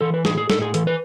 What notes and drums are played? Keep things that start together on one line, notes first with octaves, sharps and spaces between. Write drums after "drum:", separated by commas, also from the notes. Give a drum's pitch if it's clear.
E3 A4
B4
A2 G#4, drum: snare
G#4
A2 A4, drum: snare
G#4
E3 A4, drum: hi-hat
B4